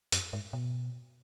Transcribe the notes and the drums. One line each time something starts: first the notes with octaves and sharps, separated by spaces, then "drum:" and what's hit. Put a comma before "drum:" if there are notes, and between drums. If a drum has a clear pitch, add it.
F#2, drum: hi-hat
G#2
B2